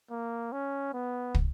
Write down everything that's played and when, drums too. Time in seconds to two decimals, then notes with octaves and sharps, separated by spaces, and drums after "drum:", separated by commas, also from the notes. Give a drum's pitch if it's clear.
0.11 A#3
0.52 C#4
0.93 B3
1.34 drum: kick